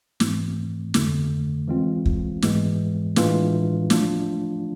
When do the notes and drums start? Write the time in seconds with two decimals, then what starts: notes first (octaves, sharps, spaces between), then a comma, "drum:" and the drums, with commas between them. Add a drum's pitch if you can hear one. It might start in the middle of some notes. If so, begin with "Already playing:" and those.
0.20 G#2 E3 A3 C4, drum: snare
0.94 F2 D3 A3, drum: snare
1.68 E3 G#3 C4 F4
2.06 drum: kick
2.42 G#2 E3 G#3 B3, drum: snare
3.16 A2 E3 G#3 D4 F4, drum: snare
3.90 F3 A3 D4 F4, drum: snare